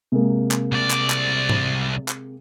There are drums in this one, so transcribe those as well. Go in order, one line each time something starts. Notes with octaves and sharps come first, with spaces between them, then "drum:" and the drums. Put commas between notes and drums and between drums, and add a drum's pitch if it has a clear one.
C3 G#3 A#3
drum: clap
C2 D5
drum: clap
drum: clap
drum: tom G#2
drum: clap